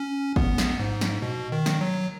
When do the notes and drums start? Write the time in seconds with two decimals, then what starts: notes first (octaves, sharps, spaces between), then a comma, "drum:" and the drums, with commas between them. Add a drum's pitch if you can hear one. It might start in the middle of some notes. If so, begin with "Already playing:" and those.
Already playing: C#4
0.36 B3, drum: kick
0.58 drum: snare
0.79 G#2
1.01 drum: snare
1.22 B2
1.52 D#3
1.66 drum: snare
1.81 F#3